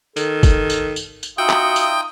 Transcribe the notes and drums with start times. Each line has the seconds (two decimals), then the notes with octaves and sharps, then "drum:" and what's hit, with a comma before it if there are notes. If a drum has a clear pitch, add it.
0.17 D#3 A4, drum: tambourine
0.43 drum: kick, tambourine
0.70 drum: tambourine
0.96 drum: tambourine
1.23 drum: tambourine
1.38 D#4 F4 F#4 E5 G5 D#6
1.49 drum: clap
1.76 drum: tambourine